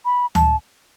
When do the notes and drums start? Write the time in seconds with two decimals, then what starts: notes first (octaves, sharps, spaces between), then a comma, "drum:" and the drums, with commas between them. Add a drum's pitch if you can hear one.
0.05 B5
0.35 A5, drum: tom D2